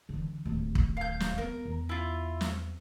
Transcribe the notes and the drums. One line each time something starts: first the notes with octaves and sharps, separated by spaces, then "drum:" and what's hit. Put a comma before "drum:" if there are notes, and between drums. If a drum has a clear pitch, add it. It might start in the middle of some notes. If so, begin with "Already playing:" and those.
D3 E3
D1 D#2
drum: kick
F5 G6
drum: snare
B3 A#4
E2
E4 F4
drum: snare